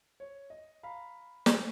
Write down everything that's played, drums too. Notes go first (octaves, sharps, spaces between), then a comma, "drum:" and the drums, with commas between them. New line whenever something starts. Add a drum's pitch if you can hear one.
C#5
D#5
F5 A#5 B5
drum: snare